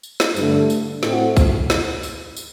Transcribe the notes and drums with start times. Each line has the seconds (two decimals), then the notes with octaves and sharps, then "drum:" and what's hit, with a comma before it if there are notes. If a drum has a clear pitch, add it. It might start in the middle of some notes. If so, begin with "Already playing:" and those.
0.03 drum: tambourine
0.20 drum: snare
0.36 G2 D3 A3, drum: tambourine
0.70 drum: tambourine
1.03 A2 A3 C4 F#4, drum: snare
1.37 drum: kick, tambourine
1.70 drum: snare
2.03 drum: tambourine
2.37 drum: tambourine